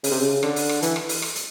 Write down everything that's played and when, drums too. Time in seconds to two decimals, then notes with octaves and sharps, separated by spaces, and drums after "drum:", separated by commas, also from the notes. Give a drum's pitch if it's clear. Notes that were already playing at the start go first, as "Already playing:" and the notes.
0.04 C#3, drum: open hi-hat
0.11 C3
0.20 C#3
0.43 D3, drum: rim click
0.56 drum: open hi-hat
0.69 drum: rim click
0.82 E3, drum: hi-hat
0.96 drum: rim click
1.09 drum: open hi-hat
1.22 drum: rim click
1.36 drum: hi-hat